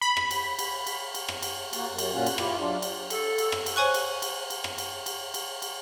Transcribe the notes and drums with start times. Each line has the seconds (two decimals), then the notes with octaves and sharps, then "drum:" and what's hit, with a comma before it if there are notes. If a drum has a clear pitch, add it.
0.01 B5
0.17 drum: rim click
0.31 drum: cymbal
0.59 drum: cymbal
0.87 drum: cymbal
1.15 drum: cymbal
1.29 drum: rim click
1.43 drum: cymbal
1.73 A#3 F#4, drum: cymbal
1.87 F#2
1.98 drum: cymbal
2.11 A#2 C#4 F4 F#4
2.26 drum: cymbal
2.38 E4 F4 G4, drum: rim click
2.58 F#3 D4 F4
2.82 drum: cymbal
3.10 A4, drum: cymbal
3.38 drum: cymbal
3.52 drum: rim click
3.66 drum: cymbal
3.76 C5 C#5 G#5 C#6 F#6
3.94 drum: cymbal
4.22 drum: cymbal
4.50 drum: cymbal
4.64 drum: rim click
4.78 drum: cymbal
5.06 drum: cymbal
5.34 drum: cymbal
5.62 drum: cymbal